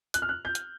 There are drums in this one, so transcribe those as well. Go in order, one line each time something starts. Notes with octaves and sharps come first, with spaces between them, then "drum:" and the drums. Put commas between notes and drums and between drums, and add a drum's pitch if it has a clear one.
F#6, drum: hi-hat
F6
F#6
G6
drum: hi-hat